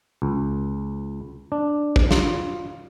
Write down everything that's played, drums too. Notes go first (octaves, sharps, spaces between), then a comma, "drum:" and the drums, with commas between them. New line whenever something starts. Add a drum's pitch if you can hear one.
C#2
D4
drum: kick
F4, drum: snare